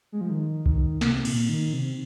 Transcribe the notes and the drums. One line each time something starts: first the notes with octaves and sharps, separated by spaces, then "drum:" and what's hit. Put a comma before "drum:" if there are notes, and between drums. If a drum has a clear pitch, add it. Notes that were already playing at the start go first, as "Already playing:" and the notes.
G#3
F3
D#3
D#3, drum: kick B1
C3, drum: snare
A#2, drum: cymbal
D#3
C3